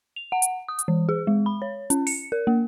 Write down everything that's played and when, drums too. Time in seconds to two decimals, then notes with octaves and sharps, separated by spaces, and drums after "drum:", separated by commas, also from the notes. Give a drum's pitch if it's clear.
0.16 F7
0.32 F#5
0.42 drum: hi-hat
0.68 D#6
0.79 drum: hi-hat
0.88 E3
1.09 G#4
1.27 G#3
1.46 B5
1.62 C#5
1.90 C#4, drum: hi-hat
2.07 C#7, drum: open hi-hat
2.32 A#4
2.47 A#3